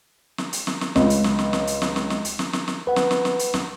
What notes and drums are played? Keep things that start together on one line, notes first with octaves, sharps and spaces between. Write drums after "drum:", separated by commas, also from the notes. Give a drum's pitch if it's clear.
drum: snare
drum: hi-hat
drum: snare
drum: snare
C#2, drum: snare
drum: hi-hat
drum: snare
drum: snare
drum: snare
drum: hi-hat
drum: snare
drum: snare
drum: snare
drum: hi-hat
drum: snare
drum: snare
drum: snare
B4 F#5
drum: snare
drum: snare
drum: snare
drum: hi-hat
drum: snare